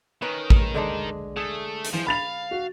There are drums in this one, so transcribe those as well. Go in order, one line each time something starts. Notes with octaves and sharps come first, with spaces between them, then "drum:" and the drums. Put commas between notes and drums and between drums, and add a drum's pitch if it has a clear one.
D#3 C#4 B4
drum: kick
D3 G#3 D4
A3 G#4
drum: hi-hat
E3 F3
F5 B5 A6 F7
F#4